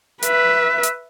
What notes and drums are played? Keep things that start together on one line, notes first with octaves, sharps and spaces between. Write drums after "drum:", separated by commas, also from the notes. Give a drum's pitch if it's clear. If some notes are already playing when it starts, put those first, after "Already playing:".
B4 E5, drum: hi-hat
drum: hi-hat